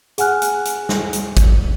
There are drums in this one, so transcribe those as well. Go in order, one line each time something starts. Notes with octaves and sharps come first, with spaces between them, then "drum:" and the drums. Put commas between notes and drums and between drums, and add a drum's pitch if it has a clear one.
G#4 F#5 G#5 F6 F#6, drum: hi-hat
drum: hi-hat
drum: hi-hat
drum: snare
drum: hi-hat
drum: kick G#1, hi-hat